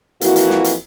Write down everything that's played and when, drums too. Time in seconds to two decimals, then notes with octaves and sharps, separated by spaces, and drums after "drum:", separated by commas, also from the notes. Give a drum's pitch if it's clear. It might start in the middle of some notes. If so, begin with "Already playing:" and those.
0.21 F2 E3 A#3 E4 F#4, drum: hi-hat
0.36 drum: hi-hat
0.50 drum: snare
0.64 drum: hi-hat